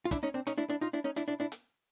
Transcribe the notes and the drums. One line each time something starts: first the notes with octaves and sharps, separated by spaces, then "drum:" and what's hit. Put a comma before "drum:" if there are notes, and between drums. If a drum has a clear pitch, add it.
F4
D4 E4, drum: kick, hi-hat
C#4 D#4
C4 D4
C#4 D#4, drum: hi-hat
D4 E4
D4 E4
D#4 F4
D4 E4
C#4 D#4
D4 E4, drum: hi-hat
D4 E4
D4 E4
drum: hi-hat